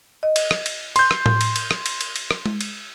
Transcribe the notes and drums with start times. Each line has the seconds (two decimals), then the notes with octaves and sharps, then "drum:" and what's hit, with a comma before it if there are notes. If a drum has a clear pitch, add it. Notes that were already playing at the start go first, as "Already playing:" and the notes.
0.23 D#5
0.36 drum: cymbal
0.51 drum: rim click
0.66 drum: cymbal
0.96 C6 G6, drum: cymbal
1.11 drum: rim click
1.26 drum: tom A2
1.41 drum: cymbal
1.56 drum: cymbal
1.71 drum: rim click
1.86 drum: cymbal
2.01 drum: cymbal
2.16 drum: cymbal
2.31 drum: rim click
2.46 drum: tom G#3
2.61 drum: cymbal